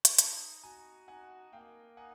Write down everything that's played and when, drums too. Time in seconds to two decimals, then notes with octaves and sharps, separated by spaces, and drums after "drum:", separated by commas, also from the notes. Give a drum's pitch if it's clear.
0.05 drum: hi-hat
0.19 D#4 A5 B5, drum: hi-hat
0.63 F#4 G#5 A#5
1.08 D#4 F#5 G#5
1.53 A#3 F5 G5
1.97 D#4 F#5 G#5